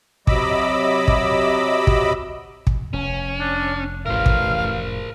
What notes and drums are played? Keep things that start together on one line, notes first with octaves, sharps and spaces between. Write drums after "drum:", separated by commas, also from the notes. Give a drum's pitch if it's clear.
C3 F#3 D#5 B5 D6 E6, drum: kick
drum: kick
drum: kick
drum: kick
F1 C#4
D4
A1 A#4 C5 F5
drum: kick